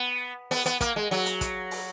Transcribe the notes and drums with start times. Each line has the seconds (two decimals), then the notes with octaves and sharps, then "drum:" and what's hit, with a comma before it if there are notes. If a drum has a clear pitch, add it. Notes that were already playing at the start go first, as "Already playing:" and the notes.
Already playing: B3
0.51 B3, drum: open hi-hat
0.66 B3, drum: hi-hat
0.81 A#3, drum: kick, hi-hat
0.96 G#3
1.11 F#3, drum: open hi-hat
1.26 drum: hi-hat
1.41 drum: kick, hi-hat
1.71 drum: open hi-hat